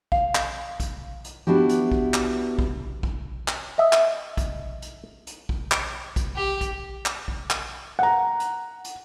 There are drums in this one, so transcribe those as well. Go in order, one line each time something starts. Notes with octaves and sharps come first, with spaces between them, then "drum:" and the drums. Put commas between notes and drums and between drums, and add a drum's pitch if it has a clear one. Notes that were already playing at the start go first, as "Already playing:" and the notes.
F5, drum: kick
drum: clap
drum: kick, hi-hat
drum: hi-hat
B3 D4 E4 F#4 G4
drum: hi-hat
drum: kick
drum: clap
drum: kick
drum: kick
drum: clap
D#5 E5
drum: clap
drum: kick, hi-hat
drum: hi-hat
drum: hi-hat
drum: kick
drum: clap
drum: kick, hi-hat
G4
drum: kick, hi-hat
drum: clap
drum: kick
drum: clap
F#5 A#5
drum: hi-hat
drum: hi-hat